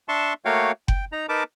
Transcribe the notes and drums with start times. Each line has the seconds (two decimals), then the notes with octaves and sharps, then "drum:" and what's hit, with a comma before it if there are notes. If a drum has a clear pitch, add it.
0.08 D4 E5 A5 C6 C#6
0.45 A3 A#3 F#4 C#5 F5 G5
0.88 G5, drum: kick F#1
1.12 D#4 A#5
1.29 D#4 A#4 B4 A5 D6